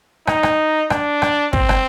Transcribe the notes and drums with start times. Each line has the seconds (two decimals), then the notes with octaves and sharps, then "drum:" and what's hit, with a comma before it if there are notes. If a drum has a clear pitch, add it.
0.27 D#4, drum: rim click
0.43 drum: rim click
0.90 D4, drum: rim click
1.22 drum: rim click
1.53 C4, drum: kick
1.69 drum: rim click